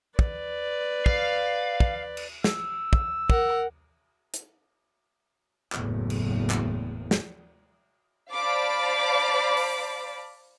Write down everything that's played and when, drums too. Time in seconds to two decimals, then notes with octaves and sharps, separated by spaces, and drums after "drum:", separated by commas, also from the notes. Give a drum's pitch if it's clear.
0.19 B4 D5, drum: kick
1.06 F5, drum: kick
1.80 drum: kick
2.17 drum: cymbal
2.44 E6, drum: snare
2.93 drum: kick
3.30 A#4 F#5, drum: kick
4.34 drum: hi-hat
5.72 F#1 E2 A2, drum: clap
6.10 drum: cymbal
6.50 drum: clap
7.11 drum: snare
8.33 C5 D5 F5 A5 B5 D6
9.57 drum: open hi-hat